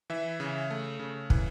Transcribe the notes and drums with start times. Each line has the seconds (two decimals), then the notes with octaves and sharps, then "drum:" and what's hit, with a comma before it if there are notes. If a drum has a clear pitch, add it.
0.10 E3 E5
0.40 C#3
0.70 A3
0.99 C#3
1.30 E3, drum: kick